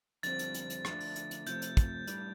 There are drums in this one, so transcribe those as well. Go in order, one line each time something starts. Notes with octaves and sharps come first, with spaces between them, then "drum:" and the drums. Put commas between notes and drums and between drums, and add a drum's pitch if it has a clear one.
F2 D3 G3 C4 A6, drum: hi-hat
drum: hi-hat
drum: hi-hat
drum: hi-hat
D3 F3 A3 D4, drum: rim click
drum: open hi-hat
drum: hi-hat
drum: hi-hat
C3 F3 A3 G6, drum: hi-hat
drum: hi-hat
drum: kick, hi-hat
A2 G3 D4, drum: hi-hat